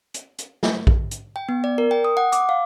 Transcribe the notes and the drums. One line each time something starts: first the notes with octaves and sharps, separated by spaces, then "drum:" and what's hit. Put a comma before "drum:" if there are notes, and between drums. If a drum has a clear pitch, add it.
drum: hi-hat
drum: hi-hat
drum: snare
drum: kick A#1
drum: hi-hat
G5
B3
D5
A#4
G5
D#6
F#5
D6, drum: hi-hat
F5